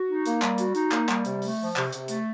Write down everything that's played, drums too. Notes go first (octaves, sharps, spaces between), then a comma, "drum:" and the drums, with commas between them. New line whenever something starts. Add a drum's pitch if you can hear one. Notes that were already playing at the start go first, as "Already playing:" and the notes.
Already playing: F#4
D#4
A#3, drum: hi-hat
G3, drum: clap
F#4, drum: hi-hat
D#4, drum: hi-hat
A#3, drum: clap
G3, drum: clap
C3, drum: hi-hat
A3, drum: open hi-hat
F3
C3, drum: clap
C3, drum: hi-hat
A3, drum: hi-hat